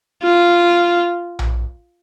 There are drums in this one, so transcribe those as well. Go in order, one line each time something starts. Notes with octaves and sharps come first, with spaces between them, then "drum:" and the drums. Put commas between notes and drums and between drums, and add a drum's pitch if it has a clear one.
F4
drum: tom A#1